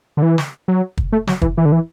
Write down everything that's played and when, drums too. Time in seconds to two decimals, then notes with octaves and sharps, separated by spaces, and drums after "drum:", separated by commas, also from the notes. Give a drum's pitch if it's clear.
0.17 D3
0.22 E3
0.38 drum: snare
0.68 F#3
0.98 drum: kick
1.12 A3
1.27 F#3, drum: snare
1.42 E3, drum: kick
1.57 E3
1.65 D3
1.72 E3